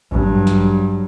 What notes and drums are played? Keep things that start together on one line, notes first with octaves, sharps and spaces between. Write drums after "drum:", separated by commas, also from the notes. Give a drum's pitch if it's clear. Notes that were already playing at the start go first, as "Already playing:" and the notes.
G2 F#3, drum: kick A1
drum: snare